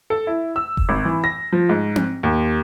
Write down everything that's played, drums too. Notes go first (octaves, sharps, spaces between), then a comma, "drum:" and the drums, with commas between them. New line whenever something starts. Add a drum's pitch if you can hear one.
A4
E4
E6
drum: kick F1
G#1
E3
A#6
F3
G#2
drum: tom C4
D#2